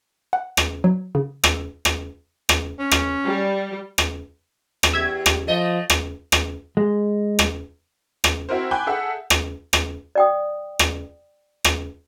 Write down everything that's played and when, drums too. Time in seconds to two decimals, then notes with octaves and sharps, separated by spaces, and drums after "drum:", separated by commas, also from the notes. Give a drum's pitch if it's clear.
0.33 F#5
0.57 drum: rim click
0.84 F#3
1.15 C#3
1.44 E6, drum: rim click
1.85 drum: rim click
2.49 drum: rim click
2.79 C#4
2.91 drum: rim click
3.26 G3
3.98 drum: rim click
4.83 drum: rim click
4.93 E2 G4 E5 G#6
5.26 drum: rim click
5.47 F3 A3 D#5
5.90 drum: rim click
6.32 drum: rim click
6.77 G#3
7.39 drum: rim click
8.24 drum: rim click
8.49 C4 E4 F#4 A#4 C5
8.71 G5 G#5 B5 D6 F#6 G6
8.87 G#4 A4 E5 F#5
9.30 drum: rim click
9.73 drum: rim click
10.15 D5 G5 D#6
10.79 drum: rim click
11.65 drum: rim click